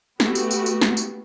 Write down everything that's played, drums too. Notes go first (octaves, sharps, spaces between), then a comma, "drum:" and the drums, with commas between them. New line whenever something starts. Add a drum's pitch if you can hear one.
A3 B3 F#4 G4, drum: snare
drum: tambourine
drum: tambourine
drum: tambourine
drum: snare
drum: tambourine